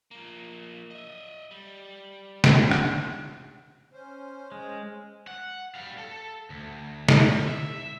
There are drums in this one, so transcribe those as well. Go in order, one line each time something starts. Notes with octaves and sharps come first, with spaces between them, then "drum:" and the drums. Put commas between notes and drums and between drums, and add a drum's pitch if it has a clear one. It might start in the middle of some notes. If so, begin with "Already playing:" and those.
F3 A#3
D#5 E5
G3
drum: snare
drum: rim click
C#4 C5
G#3
F#5
G3 F5
A4
D2
drum: snare
E5